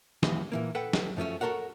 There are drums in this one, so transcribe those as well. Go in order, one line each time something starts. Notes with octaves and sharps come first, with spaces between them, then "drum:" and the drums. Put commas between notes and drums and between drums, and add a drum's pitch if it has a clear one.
D#2 E3 D#5 C6, drum: snare
A#2 E3 A#3
A4 B4 F#5 G5
drum: snare
F#2 F3 A3 C#4
F#4 A4 A#4 C#5 F#5